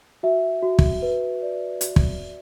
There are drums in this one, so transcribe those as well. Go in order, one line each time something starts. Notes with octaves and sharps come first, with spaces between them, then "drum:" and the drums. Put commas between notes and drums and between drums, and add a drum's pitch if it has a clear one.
F#4 E5
F#4
drum: kick
B4
D5
F#4, drum: hi-hat
drum: kick
F#4